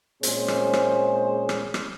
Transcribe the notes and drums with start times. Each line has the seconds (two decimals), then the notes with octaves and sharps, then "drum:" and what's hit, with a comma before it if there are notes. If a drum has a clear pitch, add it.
0.23 A#2 G#3 C4 C#4 G#4 C5, drum: hi-hat
0.48 drum: rim click
0.73 drum: rim click
1.49 drum: rim click
1.74 drum: rim click